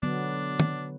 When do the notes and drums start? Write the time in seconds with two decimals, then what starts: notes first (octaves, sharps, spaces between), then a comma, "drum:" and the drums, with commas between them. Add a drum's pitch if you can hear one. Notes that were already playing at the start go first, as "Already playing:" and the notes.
0.03 D3 F#3 B3 D4
0.60 drum: tom